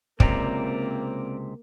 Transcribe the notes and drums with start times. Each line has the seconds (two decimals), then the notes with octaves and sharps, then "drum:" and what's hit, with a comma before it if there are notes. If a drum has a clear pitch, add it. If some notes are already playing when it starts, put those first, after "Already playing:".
0.20 C#2 C3 A#3 C4 D5 A#5, drum: kick